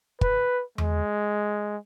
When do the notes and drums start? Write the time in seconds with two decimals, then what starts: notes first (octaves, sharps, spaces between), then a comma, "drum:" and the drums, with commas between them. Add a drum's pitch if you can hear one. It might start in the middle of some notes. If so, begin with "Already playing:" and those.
0.21 B4, drum: kick
0.78 G#3, drum: tom E2